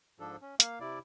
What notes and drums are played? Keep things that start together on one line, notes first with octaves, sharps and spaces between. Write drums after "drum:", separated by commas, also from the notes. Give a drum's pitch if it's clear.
G#2 F3 D4 A4
C#4
A#3 F5, drum: hi-hat
C3 E4 D5